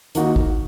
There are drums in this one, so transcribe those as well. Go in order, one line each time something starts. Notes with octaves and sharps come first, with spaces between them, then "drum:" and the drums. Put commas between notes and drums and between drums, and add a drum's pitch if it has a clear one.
D#3 A#3 D#4 F#4, drum: hi-hat
drum: kick